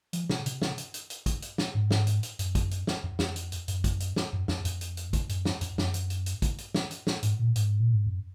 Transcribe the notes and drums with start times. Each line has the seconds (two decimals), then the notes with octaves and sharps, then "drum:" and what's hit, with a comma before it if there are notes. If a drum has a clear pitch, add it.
0.13 F3, drum: hi-hat
0.30 C3, drum: snare
0.46 C3, drum: hi-hat
0.62 drum: snare
0.78 drum: hi-hat
0.94 drum: hi-hat
1.10 drum: hi-hat
1.26 drum: kick, hi-hat
1.42 drum: hi-hat
1.58 drum: snare
1.75 G#2
1.91 drum: snare
2.07 drum: hi-hat
2.23 drum: hi-hat
2.39 F#2, drum: hi-hat
2.55 drum: kick, hi-hat
2.71 drum: hi-hat
2.87 drum: snare
3.04 F2
3.19 F2, drum: snare
3.36 drum: hi-hat
3.52 drum: hi-hat
3.68 F#2, drum: hi-hat
3.84 drum: kick, hi-hat
4.00 drum: hi-hat
4.16 drum: snare
4.33 F#2
4.48 F2, drum: snare
4.65 F2, drum: hi-hat
4.81 drum: hi-hat
4.97 drum: hi-hat
5.13 drum: kick, hi-hat
5.29 F#2, drum: hi-hat
5.45 drum: snare
5.61 F2, drum: hi-hat
5.78 F#2, drum: snare
5.94 drum: hi-hat
6.10 drum: hi-hat
6.26 drum: hi-hat
6.42 drum: kick, hi-hat
6.58 drum: hi-hat
6.74 drum: snare
6.91 drum: hi-hat
7.07 drum: snare
7.23 G#2, drum: hi-hat
7.39 A#2
7.56 G#2, drum: hi-hat
7.80 A#2
7.93 G#2
8.07 F#2